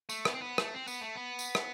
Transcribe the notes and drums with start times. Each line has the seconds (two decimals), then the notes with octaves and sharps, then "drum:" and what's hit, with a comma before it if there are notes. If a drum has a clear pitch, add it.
0.09 A3, drum: tambourine
0.25 B3, drum: rim click
0.34 C4
0.42 B3
0.58 A3, drum: rim click
0.74 C4
0.87 B3, drum: tambourine
1.01 A3
1.15 B3
1.39 drum: tambourine
1.55 drum: rim click